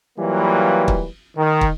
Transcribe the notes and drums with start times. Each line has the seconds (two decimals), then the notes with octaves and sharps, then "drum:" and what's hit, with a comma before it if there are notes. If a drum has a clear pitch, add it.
0.19 E3 F#3 G3 A#3 F4 B4
0.88 drum: kick
1.37 D#3
1.61 drum: kick